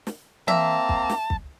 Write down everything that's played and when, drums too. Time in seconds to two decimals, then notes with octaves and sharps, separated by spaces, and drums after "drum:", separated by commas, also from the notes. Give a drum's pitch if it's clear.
0.07 drum: snare
0.48 A#3 C4 E5 A5 A#5, drum: tom E3
0.89 drum: kick
1.10 drum: snare
1.30 drum: kick